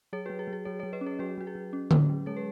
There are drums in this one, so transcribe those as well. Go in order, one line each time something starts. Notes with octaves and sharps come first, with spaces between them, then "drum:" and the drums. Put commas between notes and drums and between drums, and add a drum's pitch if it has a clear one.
F#3 G#4 C#5
F#3 F#4 B4
G#4
F#3
G#4
F#3 G#4 C#5
F#3 G#4 C#5
B4 D#5
C#4
G#4 C#5
F#3 F#4 B4
F#3 F#4
G#4
F#3
C#4
C#4, drum: tom D3
F#3
G#3 G#4 C#5
B4